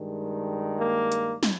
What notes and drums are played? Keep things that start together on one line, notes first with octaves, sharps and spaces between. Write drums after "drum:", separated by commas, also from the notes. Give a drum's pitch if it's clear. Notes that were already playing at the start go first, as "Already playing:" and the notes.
Already playing: G2 D#3 G#3
A#3
drum: hi-hat
drum: snare